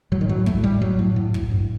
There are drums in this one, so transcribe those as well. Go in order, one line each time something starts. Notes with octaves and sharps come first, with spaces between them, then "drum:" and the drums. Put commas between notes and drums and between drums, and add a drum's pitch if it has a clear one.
A2 F#3
D#3
A2 F#3
A2 A3, drum: kick
A2 G3
A2 F#3
A2
A2
A2, drum: kick
G2